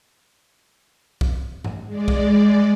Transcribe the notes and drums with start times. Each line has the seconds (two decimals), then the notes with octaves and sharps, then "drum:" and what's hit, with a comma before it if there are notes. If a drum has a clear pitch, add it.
1.21 drum: kick B1
1.65 drum: tom G#2
1.86 G#3 D5
2.08 drum: kick B1